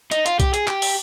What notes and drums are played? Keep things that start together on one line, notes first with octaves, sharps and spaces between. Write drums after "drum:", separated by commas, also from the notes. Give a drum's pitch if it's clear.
D#4, drum: hi-hat
F4, drum: hi-hat
G4, drum: kick B1, hi-hat
G#4, drum: hi-hat
G4, drum: clap
drum: open hi-hat